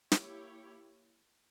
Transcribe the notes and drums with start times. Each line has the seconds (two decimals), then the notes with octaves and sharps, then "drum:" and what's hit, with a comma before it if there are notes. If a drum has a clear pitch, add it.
0.12 A#3 E4 G4 C#5, drum: snare